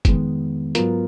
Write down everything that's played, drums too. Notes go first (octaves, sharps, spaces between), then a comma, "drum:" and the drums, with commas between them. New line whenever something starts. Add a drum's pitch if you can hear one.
F2 D#3 G#3 B3, drum: kick, hi-hat
G#2 F#3 B3 F4 A#4, drum: hi-hat